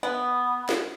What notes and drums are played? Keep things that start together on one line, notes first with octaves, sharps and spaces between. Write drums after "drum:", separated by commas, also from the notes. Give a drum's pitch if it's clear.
B3
drum: snare